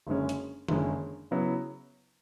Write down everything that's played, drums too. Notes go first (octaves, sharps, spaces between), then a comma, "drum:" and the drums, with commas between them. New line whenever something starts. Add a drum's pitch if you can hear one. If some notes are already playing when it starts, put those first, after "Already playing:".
F#1 F#2 D3 G#3 C#4
drum: hi-hat
F#1 F#2 D3 G#3 C#4, drum: tom D#3
C#3 F#3 B3 E4